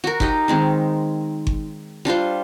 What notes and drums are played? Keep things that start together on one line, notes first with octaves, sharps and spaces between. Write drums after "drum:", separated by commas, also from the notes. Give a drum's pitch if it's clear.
F#4 A#4
D#4 G4 D#5, drum: kick G1
D#3 G#3 C4
drum: kick G1
G3 D4 F4 C5